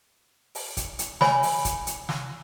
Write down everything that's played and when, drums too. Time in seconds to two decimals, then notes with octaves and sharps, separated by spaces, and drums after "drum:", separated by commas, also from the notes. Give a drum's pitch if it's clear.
0.55 drum: open hi-hat
0.77 drum: kick, hi-hat
0.99 drum: hi-hat
1.21 C#5 G#5 B5, drum: snare
1.43 drum: open hi-hat
1.65 drum: kick, hi-hat
1.87 drum: hi-hat
2.09 drum: snare